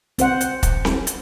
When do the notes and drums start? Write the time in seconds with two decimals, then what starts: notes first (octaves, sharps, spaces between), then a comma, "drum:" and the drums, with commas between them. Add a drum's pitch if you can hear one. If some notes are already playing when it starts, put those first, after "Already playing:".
0.19 C4 C5 F#5, drum: hi-hat
0.41 drum: hi-hat
0.63 drum: kick, hi-hat
0.85 drum: snare C4
1.07 drum: hi-hat